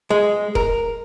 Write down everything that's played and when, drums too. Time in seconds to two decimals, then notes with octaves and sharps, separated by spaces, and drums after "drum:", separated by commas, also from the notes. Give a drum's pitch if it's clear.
0.10 G#3
0.55 A#4, drum: kick E1